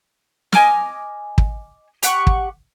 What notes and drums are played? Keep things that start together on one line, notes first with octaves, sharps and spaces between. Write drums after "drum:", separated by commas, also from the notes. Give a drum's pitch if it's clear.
D#5 G#5 D6 F6, drum: snare
drum: kick
G4 F#5 C#6, drum: hi-hat
drum: kick